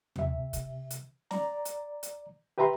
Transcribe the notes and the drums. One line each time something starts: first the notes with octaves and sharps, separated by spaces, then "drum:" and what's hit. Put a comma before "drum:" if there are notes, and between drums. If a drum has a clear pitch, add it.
C3 E5, drum: tom D#2
drum: kick, hi-hat
drum: hi-hat
D5 A#5, drum: snare
drum: hi-hat
drum: hi-hat
G4 B4 E5 A#5 C6